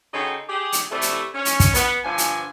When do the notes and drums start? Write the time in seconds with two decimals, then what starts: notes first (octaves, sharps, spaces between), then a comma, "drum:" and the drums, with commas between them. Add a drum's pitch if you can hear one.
0.14 C#3 D#4 F#4 A4 G5 C6
0.49 G4 G#4
0.73 drum: hi-hat
0.91 C3 E3 G3 A3
1.02 drum: hi-hat
1.35 C#4
1.45 drum: hi-hat
1.60 drum: kick, hi-hat
1.74 B3, drum: hi-hat
2.04 G2 D3 F3 G#5
2.18 drum: hi-hat